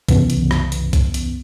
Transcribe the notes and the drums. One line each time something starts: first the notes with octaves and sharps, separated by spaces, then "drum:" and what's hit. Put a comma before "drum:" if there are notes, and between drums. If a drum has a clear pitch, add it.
C2 F#2 C#3 E3 B3, drum: kick B1, hi-hat
drum: hi-hat
drum: rim click
drum: hi-hat
drum: kick B1, hi-hat
drum: hi-hat